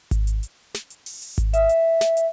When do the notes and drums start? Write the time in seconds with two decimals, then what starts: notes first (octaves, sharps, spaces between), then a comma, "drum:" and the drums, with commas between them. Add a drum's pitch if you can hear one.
0.11 drum: kick G#1, hi-hat
0.27 drum: hi-hat
0.43 drum: hi-hat
0.74 drum: snare
0.90 drum: hi-hat
1.06 drum: open hi-hat
1.22 drum: hi-hat
1.38 drum: kick G#1, hi-hat
1.53 E5, drum: hi-hat
1.69 drum: hi-hat
2.01 drum: snare
2.17 drum: hi-hat